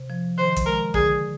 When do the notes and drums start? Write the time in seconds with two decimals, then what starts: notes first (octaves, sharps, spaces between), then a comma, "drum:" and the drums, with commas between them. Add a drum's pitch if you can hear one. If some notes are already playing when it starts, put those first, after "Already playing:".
Already playing: C3
0.10 F3
0.37 D#3 C5
0.56 drum: kick, hi-hat
0.66 G#3 A#4
0.94 D3 G#4, drum: kick